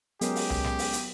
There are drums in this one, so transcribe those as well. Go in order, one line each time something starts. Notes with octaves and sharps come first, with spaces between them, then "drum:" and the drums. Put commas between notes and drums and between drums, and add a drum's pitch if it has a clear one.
F#3 G#3 B3 C#4 G4 A#4 D#6 C7, drum: hi-hat
drum: open hi-hat
drum: tom C2
drum: snare
drum: open hi-hat
drum: hi-hat